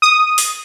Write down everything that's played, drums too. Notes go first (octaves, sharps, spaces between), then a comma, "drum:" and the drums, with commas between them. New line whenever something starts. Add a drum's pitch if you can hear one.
D#6
drum: open hi-hat